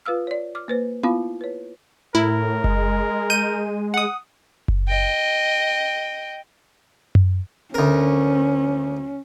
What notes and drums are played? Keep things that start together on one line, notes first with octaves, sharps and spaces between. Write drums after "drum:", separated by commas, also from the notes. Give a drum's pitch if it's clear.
F4 B4 F5 E6 F6
C#5 D5
D6 F6
A#3 B4 C5
B3 E4 F4 F5 B5, drum: tom B3
B4 C#5
A2 E4 A#4
G#3, drum: kick F#1
G6 D#7
F#5 D#6
drum: kick F#1
D#5 G5
drum: tom F#2
D2 C#4 A#4